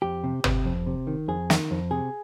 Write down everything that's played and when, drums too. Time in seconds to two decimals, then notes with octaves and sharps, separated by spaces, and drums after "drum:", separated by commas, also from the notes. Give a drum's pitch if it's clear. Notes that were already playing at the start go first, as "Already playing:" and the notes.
0.02 F2 G4
0.24 C3
0.44 C3, drum: tom
0.65 F2
0.87 C3
1.07 D#3
1.28 F2 G#4
1.50 D#3, drum: snare
1.71 F2
1.91 C3 G#4